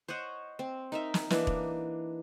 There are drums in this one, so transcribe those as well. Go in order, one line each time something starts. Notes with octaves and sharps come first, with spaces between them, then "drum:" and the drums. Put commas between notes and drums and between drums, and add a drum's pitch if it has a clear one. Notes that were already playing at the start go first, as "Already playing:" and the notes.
C5 C#5 D#5 F#5
C4
D#4 A#4 E5
drum: snare
E3 A#3 D4 D#4, drum: snare
drum: kick E1